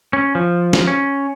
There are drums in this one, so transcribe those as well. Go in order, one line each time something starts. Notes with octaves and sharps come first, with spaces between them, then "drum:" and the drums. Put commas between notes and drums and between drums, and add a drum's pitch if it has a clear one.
C#4
F3
drum: snare
C#4